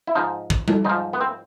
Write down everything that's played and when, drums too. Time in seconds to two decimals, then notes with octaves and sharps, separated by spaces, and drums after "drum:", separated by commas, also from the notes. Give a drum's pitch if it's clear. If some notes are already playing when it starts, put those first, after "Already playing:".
0.07 E4
0.15 G#2 F3 D#4
0.50 drum: kick
0.68 drum: tom G3
0.85 G#2 F3 D#4
1.13 B3
1.21 C4